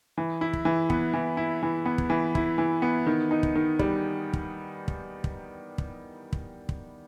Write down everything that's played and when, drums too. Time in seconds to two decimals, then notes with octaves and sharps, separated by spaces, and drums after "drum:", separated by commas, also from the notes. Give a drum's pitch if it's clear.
0.18 E3
0.41 E4
0.53 drum: kick
0.65 E3
0.90 B3, drum: kick
1.13 E3
1.37 E4
1.63 E3
1.86 B3
1.98 drum: kick
2.10 E3
2.35 E4, drum: kick
2.58 E3
2.82 B3
3.06 D#3
3.31 D#4
3.43 drum: kick
3.55 D#3
3.79 G3, drum: kick
4.33 drum: kick
4.88 drum: kick
5.24 drum: kick
5.78 drum: kick
6.33 drum: kick
6.69 drum: kick